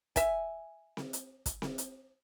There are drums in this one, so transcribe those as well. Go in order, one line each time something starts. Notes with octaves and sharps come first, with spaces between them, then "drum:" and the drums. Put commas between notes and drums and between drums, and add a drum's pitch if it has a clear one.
E5 G#5, drum: kick, hi-hat
drum: snare C4
drum: hi-hat
drum: kick, hi-hat
drum: snare C4
drum: hi-hat